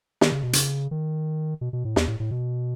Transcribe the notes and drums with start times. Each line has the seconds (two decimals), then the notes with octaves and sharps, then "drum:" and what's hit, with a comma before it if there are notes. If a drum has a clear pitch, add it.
0.21 D#3, drum: snare
0.32 C#3
0.43 B2
0.53 C#3, drum: hi-hat
0.91 D#3
1.61 B2
1.73 B2
1.85 A2
1.96 E2, drum: snare
2.08 A2
2.20 A2
2.31 B2